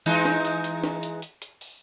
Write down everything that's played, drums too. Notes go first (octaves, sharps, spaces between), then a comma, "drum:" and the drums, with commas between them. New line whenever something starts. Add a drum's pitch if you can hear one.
E3 G#3 D#4, drum: hi-hat
drum: snare
drum: hi-hat
drum: hi-hat
drum: snare
drum: hi-hat
drum: hi-hat
drum: hi-hat
drum: open hi-hat